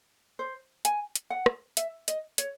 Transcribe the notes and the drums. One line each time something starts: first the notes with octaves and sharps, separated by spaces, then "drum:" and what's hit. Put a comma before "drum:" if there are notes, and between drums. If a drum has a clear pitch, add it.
C5
G#5, drum: hi-hat
drum: hi-hat
F#5
drum: rim click
E5, drum: hi-hat
D#5, drum: hi-hat
C#5, drum: hi-hat